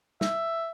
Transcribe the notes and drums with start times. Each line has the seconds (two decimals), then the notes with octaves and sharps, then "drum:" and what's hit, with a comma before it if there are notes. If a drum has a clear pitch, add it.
0.21 E5, drum: snare